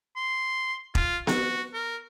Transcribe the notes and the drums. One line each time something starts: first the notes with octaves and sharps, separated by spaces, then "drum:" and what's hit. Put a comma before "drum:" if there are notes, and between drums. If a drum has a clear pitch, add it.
C6
F4, drum: kick E1
F#4, drum: snare B3
A#4